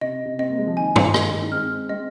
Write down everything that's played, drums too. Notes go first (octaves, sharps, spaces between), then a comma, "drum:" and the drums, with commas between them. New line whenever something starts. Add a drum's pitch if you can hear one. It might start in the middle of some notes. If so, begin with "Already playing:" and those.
C3 D#5
C3
C4 D#5
A#3
G#3
F3
D#3 G#5
drum: tom G2
D#3 G#3 D#5, drum: rim click
D#4
G#3 C4 F6
G#3 C4 D#5